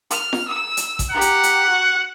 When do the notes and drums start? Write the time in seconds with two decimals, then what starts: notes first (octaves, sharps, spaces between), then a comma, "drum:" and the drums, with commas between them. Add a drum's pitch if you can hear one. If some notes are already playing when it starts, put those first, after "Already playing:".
0.10 F6, drum: hi-hat
0.33 drum: snare
0.48 E6
0.77 drum: hi-hat
0.99 drum: kick A1, hi-hat
1.11 G4 F#5 A#5
1.21 drum: hi-hat
1.43 drum: hi-hat
1.69 F#4